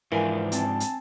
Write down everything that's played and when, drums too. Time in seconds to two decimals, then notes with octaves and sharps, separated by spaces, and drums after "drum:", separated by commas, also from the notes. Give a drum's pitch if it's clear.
0.12 G#2 E3 F3 D4 A#4 F5 G#5
0.52 C4 G#5 A5, drum: hi-hat
0.80 drum: hi-hat